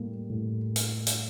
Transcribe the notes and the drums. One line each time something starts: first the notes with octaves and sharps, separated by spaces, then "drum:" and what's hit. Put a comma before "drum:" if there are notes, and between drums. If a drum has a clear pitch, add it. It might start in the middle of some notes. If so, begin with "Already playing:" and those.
Already playing: A2 G3 A#3
A2
drum: hi-hat
drum: hi-hat